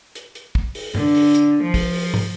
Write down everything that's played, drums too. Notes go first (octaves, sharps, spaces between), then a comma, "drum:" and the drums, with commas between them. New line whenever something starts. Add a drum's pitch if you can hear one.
drum: hi-hat
drum: hi-hat
drum: kick
drum: open hi-hat
D3, drum: tom G2
drum: open hi-hat
drum: hi-hat
F3
drum: kick, open hi-hat
drum: open hi-hat
drum: tom